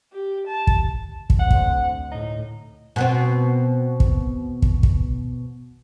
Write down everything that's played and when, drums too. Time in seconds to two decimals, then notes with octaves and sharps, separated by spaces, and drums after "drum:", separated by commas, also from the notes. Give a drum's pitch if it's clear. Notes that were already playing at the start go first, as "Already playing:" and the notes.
0.13 G4
0.47 A5
0.67 drum: kick
1.30 drum: kick
1.39 D2 C4 F#5
1.50 drum: kick
2.11 A2 D#4
2.96 B2 B3 C4
4.00 drum: kick
4.62 drum: kick
4.83 drum: kick